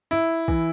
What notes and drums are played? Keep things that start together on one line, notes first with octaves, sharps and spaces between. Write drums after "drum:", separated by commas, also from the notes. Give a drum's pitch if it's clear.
E4
E3, drum: kick